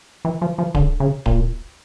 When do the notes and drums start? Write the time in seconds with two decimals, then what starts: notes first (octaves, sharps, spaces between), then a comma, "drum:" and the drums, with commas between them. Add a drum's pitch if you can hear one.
0.25 E3
0.42 F3
0.58 F3
0.75 D3, drum: kick D1
1.00 C#3
1.26 A#2, drum: kick D1